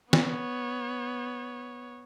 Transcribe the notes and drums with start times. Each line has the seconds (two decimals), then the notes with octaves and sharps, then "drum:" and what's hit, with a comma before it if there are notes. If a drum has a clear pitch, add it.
0.13 B3 C#5, drum: snare